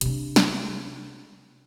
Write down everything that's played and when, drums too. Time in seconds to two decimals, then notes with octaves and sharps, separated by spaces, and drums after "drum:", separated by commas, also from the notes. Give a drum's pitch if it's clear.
0.01 C3 D4, drum: hi-hat
0.36 drum: snare